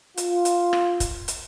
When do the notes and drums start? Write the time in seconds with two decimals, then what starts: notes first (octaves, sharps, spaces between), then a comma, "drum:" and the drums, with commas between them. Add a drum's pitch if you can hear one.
0.18 F4, drum: hi-hat
0.45 drum: hi-hat
0.73 drum: rim click
1.00 drum: kick, hi-hat
1.28 drum: hi-hat